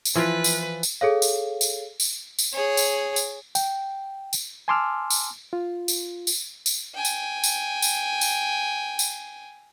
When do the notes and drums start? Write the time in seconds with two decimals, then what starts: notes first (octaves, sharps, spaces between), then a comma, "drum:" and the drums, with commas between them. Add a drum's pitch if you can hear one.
0.05 drum: tambourine
0.15 E3 F3 F4 B4
0.44 drum: tambourine
0.83 drum: tambourine
1.01 G#4 A4 C#5 F5
1.22 drum: tambourine
1.61 drum: tambourine
2.00 drum: tambourine
2.39 drum: tambourine
2.53 G#4 C#5
2.77 drum: tambourine
3.16 drum: tambourine
3.55 G5, drum: tambourine
4.33 drum: tambourine
4.68 G#5 A5 C6 D6 E6 F6
5.10 drum: tambourine
5.53 F4
5.88 drum: tambourine
6.27 drum: tambourine
6.66 drum: tambourine
6.94 G5 G#5
7.05 drum: tambourine
7.44 drum: tambourine
7.82 drum: tambourine
8.21 drum: tambourine
8.99 drum: tambourine